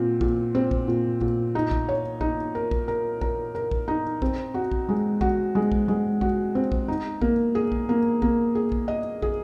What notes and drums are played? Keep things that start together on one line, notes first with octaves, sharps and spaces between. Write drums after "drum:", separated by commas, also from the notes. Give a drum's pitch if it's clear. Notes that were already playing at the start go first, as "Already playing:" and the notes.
Already playing: A#2 C4
A#2, drum: kick
C4
drum: kick
A#2
A#2, drum: kick
D#4
drum: kick
C#5
D#4, drum: kick
A#4
drum: kick
A#4
A#4, drum: kick
A#4
drum: kick
D#4
C4, drum: kick
F#4
drum: kick
G#3
F#4, drum: kick
G#3
drum: kick
G#3
F#4, drum: kick
C4
drum: kick
D#4
A#3, drum: kick
G#4
drum: kick
A#3
A#3, drum: kick
G#4
drum: kick
D#5
G#4, drum: kick